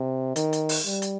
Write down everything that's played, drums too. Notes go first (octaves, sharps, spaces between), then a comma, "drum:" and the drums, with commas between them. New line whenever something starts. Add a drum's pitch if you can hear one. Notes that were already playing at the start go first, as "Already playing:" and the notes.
Already playing: C3
D#3, drum: hi-hat
drum: hi-hat
drum: open hi-hat
G3
drum: hi-hat